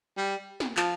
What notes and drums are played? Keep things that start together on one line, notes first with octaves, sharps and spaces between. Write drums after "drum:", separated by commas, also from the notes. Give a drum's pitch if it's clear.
G3
drum: snare
F3, drum: clap